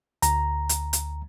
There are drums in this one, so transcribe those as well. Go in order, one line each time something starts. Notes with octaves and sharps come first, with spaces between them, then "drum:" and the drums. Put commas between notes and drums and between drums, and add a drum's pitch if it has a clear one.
D2 A#5, drum: hi-hat
drum: hi-hat
drum: hi-hat